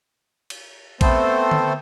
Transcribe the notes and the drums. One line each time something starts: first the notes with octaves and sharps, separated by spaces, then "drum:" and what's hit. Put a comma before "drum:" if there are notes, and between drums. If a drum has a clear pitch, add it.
drum: cymbal
A3 B3 C4 A4 C5, drum: kick A#1, cymbal
drum: tom D3